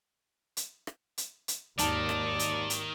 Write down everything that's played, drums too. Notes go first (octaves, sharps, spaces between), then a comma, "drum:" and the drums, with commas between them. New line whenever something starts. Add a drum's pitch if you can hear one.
drum: hi-hat
drum: rim click
drum: hi-hat
drum: hi-hat
G#1 D#2 D#3 D5 A5, drum: hi-hat
drum: rim click
drum: hi-hat
drum: hi-hat